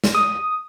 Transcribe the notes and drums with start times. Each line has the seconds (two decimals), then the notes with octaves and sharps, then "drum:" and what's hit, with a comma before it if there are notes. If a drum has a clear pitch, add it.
0.04 drum: snare
0.15 D#6